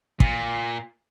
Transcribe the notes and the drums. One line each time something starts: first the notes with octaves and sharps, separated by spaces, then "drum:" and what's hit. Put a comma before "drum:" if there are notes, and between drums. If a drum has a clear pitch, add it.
A#2, drum: kick